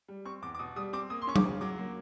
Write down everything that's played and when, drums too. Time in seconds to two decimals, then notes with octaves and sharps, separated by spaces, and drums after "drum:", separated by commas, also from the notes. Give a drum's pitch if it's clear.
0.08 G3
0.25 C4 C#6
0.42 E2 D6
0.55 D6
0.59 B2 D#6
0.76 G3 D#6
0.93 C4 D6
1.10 A#3 D#6
1.22 C6
1.27 C#4 C#6
1.36 D6, drum: tom F#3
1.44 C#3
1.61 F#3 D6
1.78 A#3